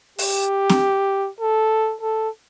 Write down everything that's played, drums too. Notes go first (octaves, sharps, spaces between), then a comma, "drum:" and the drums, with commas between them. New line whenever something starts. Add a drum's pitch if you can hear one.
G4, drum: open hi-hat
drum: snare C4
A4
A4